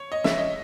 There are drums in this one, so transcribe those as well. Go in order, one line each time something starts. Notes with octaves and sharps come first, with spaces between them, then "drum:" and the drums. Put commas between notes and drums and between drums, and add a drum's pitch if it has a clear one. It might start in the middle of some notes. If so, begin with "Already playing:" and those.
Already playing: C#5
D#5
E5, drum: snare
D#5